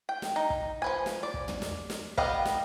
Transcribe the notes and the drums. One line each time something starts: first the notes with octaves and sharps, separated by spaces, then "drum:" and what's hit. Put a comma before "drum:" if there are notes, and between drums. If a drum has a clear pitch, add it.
G5
drum: snare
D#4
drum: kick
F3 B4 G#5
drum: snare
D5
drum: kick
drum: tom
drum: snare
drum: snare
G3 B3 G4 D#5 F5, drum: kick
drum: snare